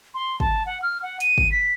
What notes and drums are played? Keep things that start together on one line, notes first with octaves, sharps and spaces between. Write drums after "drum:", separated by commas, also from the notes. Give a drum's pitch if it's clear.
C6
A5, drum: kick
F#5
F6
F#5
D#7, drum: hi-hat
drum: kick
B6